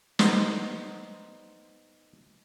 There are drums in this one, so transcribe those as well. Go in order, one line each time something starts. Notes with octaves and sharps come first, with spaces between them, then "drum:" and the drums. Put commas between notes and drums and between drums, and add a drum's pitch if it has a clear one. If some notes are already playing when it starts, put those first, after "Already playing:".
B3 D#4 C5, drum: snare